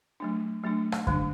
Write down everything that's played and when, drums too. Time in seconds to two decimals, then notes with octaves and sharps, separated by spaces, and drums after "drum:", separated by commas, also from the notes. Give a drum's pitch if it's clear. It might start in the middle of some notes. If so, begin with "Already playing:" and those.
0.20 F#3 A3 D4
0.64 F#3 A3 D4
0.92 drum: rim click
1.07 D3 G#3 D4, drum: kick F#2